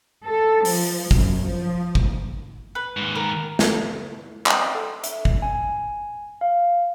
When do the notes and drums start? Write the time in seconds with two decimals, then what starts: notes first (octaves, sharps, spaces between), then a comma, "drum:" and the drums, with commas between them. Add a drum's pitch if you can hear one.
0.25 A4
0.65 F3, drum: open hi-hat
1.11 F#2, drum: kick G#1
1.47 F3
1.95 drum: kick G#1
2.75 B4
2.97 D#2 G#2
3.15 A#4
3.59 drum: snare
4.46 C6, drum: clap
4.75 A4
5.04 E5, drum: hi-hat
5.25 drum: kick G#1
5.42 G#5
6.41 F5